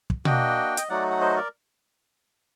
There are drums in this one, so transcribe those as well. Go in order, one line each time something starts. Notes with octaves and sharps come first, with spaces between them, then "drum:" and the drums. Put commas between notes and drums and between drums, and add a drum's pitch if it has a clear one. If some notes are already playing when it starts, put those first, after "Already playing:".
drum: kick
A#3 D4 F#4 D#5 G5, drum: tom B2
D#5, drum: hi-hat
F#3 A3 D#4 F#4 D5 F#5
F#5
C5 D#5
A#4 D5